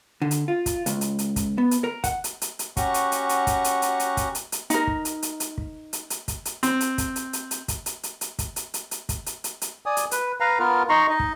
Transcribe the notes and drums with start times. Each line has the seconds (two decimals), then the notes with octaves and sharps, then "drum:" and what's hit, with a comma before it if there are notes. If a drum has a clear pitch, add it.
0.22 D3
0.31 drum: hi-hat
0.48 F4
0.66 drum: kick, hi-hat
0.86 C#2, drum: hi-hat
1.01 drum: hi-hat
1.19 drum: hi-hat
1.36 drum: kick, hi-hat
1.58 B3
1.71 drum: hi-hat
1.84 A#4
2.04 F#5, drum: kick, hi-hat
2.24 drum: hi-hat
2.42 drum: hi-hat
2.59 drum: hi-hat
2.77 C#4 F#4 G4 F#5 A#5 C#6, drum: kick, hi-hat
2.94 drum: hi-hat
3.12 drum: hi-hat
3.29 drum: hi-hat
3.47 drum: kick, hi-hat
3.64 drum: hi-hat
3.82 drum: hi-hat
4.00 drum: hi-hat
4.17 drum: kick, hi-hat
4.35 drum: hi-hat
4.52 drum: hi-hat
4.70 D#4 A#4, drum: hi-hat
4.87 drum: kick
5.05 drum: hi-hat
5.22 drum: hi-hat
5.40 drum: hi-hat
5.58 drum: kick
5.93 drum: hi-hat
6.10 drum: hi-hat
6.28 drum: kick, hi-hat
6.45 drum: hi-hat
6.63 C4, drum: hi-hat
6.81 drum: hi-hat
6.98 drum: kick, hi-hat
7.16 drum: hi-hat
7.33 drum: hi-hat
7.51 drum: hi-hat
7.68 drum: kick, hi-hat
7.86 drum: hi-hat
8.03 drum: hi-hat
8.21 drum: hi-hat
8.39 drum: kick, hi-hat
8.56 drum: hi-hat
8.74 drum: hi-hat
8.91 drum: hi-hat
9.09 drum: kick, hi-hat
9.26 drum: hi-hat
9.44 drum: hi-hat
9.62 drum: hi-hat
9.86 D5 G#5 D#6
9.97 drum: hi-hat
10.11 B4, drum: hi-hat
10.40 B4 F5 A#5
10.59 B3 F4 A#4
10.89 D#4 A#5 C6 C#6
11.09 D#4 D#5
11.20 drum: kick